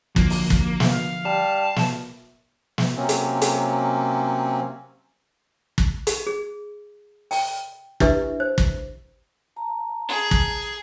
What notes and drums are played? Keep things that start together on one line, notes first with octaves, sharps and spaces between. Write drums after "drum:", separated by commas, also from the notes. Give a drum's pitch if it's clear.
D3 F3 F#3 A#3, drum: kick
drum: open hi-hat
drum: kick
F5, drum: snare
G3 A5
drum: snare
drum: snare
C3 F#3 A#3 C4 C#4
drum: hi-hat
drum: hi-hat
drum: kick
drum: hi-hat
G#4
G5, drum: open hi-hat
D4 E4 G4 B4 E5, drum: kick
C5
drum: kick
A5 A#5
G#4
drum: kick